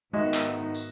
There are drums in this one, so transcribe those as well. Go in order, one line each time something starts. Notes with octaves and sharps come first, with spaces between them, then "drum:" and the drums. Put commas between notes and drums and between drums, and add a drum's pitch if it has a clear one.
G#2 D#3 G#3 B3 D#4 F#4 D#5 E5
drum: clap
drum: tambourine